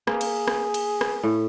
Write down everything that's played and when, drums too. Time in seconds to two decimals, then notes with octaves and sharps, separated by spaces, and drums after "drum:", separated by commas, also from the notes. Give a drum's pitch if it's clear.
0.07 A#3 G#4, drum: rim click
0.21 drum: cymbal
0.48 drum: rim click
0.74 drum: cymbal
1.01 drum: rim click
1.23 A2